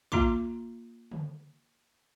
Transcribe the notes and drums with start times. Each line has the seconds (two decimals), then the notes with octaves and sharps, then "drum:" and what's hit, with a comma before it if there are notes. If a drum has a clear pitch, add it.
0.12 A#3 F4 A#5 C6 D6, drum: kick
1.12 drum: tom